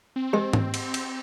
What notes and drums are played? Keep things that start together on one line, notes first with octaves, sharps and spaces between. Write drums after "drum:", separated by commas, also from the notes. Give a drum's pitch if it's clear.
C4
G#3 G4 D#5
drum: tom G#2
drum: cymbal
drum: cymbal